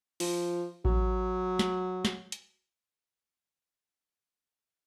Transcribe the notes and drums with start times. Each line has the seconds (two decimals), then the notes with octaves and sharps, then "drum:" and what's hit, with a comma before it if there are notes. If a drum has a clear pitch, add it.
0.20 F3, drum: open hi-hat
0.85 F#3, drum: kick A1
1.59 drum: snare
2.05 drum: snare
2.32 drum: hi-hat